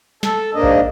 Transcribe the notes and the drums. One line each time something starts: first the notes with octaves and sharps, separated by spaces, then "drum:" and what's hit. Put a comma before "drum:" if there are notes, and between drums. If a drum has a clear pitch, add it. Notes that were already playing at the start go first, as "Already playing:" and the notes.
A4, drum: snare
G#2 A#3 D4 D#5
drum: kick A#1